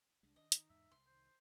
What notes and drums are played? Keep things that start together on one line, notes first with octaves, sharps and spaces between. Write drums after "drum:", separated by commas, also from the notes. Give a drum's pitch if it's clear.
C2 G3 G#3 D4
D#3 D#5
D#4, drum: hi-hat
E2 G#2 E5
C2 C6
D#3 C5